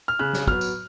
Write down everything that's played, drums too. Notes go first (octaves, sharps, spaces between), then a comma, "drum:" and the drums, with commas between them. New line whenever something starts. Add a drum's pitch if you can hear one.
F6
C#3 F#6
drum: snare
F#3 B3 F6, drum: kick
drum: tambourine